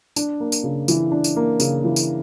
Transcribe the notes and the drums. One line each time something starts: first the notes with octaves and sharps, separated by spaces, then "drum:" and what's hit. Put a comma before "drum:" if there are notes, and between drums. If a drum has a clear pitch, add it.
D4, drum: tambourine
A#3
drum: tambourine
C#3
E3, drum: tambourine
D4
drum: tambourine
A#3
C#3, drum: tambourine
E3
drum: tambourine